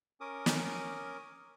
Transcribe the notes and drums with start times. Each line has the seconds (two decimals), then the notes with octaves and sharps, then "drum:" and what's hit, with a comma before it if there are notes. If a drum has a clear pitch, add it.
0.20 C#4 A#4 D6 D#6
0.46 drum: snare